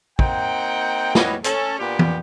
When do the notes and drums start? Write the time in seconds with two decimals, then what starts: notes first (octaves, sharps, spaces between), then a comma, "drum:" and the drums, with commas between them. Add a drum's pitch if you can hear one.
0.19 A#3 C4 D#4 F#5 G5, drum: kick
1.15 E3 G3 B3 F#4 C#5 D#5, drum: snare
1.44 C#4 A4, drum: hi-hat
1.79 A#2 B3 D4 G4
1.99 drum: tom E3